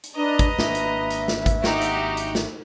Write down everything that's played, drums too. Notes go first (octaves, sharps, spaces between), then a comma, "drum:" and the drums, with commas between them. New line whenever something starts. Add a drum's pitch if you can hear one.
drum: hi-hat
D4 B4 D#5 A#5
drum: kick G#1, hi-hat
G#1 A#3 D4 E5, drum: snare
drum: hi-hat
drum: hi-hat
drum: snare
drum: kick G#1, hi-hat
D#4 F#4 G4, drum: snare
drum: hi-hat
drum: hi-hat
drum: snare